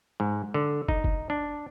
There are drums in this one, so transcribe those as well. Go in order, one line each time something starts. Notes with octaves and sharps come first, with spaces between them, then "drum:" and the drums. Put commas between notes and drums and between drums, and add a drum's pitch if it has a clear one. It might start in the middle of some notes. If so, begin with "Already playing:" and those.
G#2
D3
D#4, drum: kick
drum: kick
D4